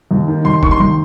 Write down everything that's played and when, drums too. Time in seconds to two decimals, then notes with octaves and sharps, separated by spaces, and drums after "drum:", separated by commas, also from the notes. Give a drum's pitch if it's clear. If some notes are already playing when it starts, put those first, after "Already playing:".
0.11 D#2
0.28 D#3
0.45 D#2 C6
0.63 D#3 C#6, drum: kick F1
0.71 C6
0.80 D#2